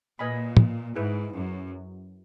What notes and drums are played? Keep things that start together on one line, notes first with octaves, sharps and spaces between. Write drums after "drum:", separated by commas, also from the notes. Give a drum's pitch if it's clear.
A#2 B4 D#5 G#5 B5
drum: tom
G#2 E4 G#4 B4
F#2